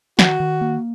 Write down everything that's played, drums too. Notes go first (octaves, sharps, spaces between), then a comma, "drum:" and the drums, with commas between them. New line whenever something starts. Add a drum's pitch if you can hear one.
D#3 F#4, drum: snare
D#3
A#3